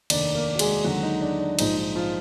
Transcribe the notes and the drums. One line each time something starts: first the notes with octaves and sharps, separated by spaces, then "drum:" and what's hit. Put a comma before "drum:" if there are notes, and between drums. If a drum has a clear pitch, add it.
F1 D#2 D#3 D4 D5, drum: cymbal
A#3 A#4
F#4
G#3 G#4, drum: cymbal
D#2 D3 F#3 G#3 F#4
D#4
D4
D4
A#1 G#2 F3 G#3 D#4, drum: cymbal
D#4
F3 F4